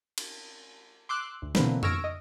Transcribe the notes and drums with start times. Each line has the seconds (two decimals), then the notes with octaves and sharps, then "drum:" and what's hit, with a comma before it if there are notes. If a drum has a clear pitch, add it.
0.18 drum: cymbal
1.09 C6 D6 E6 F#6
1.42 D2
1.55 B2 D3 E3 A#3 C4 B4, drum: snare
1.83 C#6 E6 F6 G#6 A#6 D7, drum: tom F2
2.04 D#5